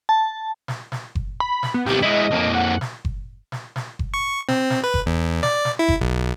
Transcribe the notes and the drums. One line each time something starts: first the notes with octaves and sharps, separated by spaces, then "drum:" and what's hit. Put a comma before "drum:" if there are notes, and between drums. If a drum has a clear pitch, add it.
A5
drum: snare
drum: snare
drum: kick F#1
B5
drum: snare
B3
C2 B3 G4, drum: snare
G#3 E4 D#5
F2 A#3
F#5
drum: snare
drum: kick F#1
drum: snare
drum: snare
drum: kick F#1
C#6
C4, drum: snare
drum: snare
B4
drum: kick F#1
E2
D5, drum: snare
drum: snare
E4
drum: kick F#1
B1